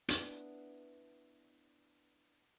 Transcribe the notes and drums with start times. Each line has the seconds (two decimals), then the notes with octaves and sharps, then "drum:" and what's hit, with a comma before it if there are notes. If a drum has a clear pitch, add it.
0.08 B3 D4 E4, drum: hi-hat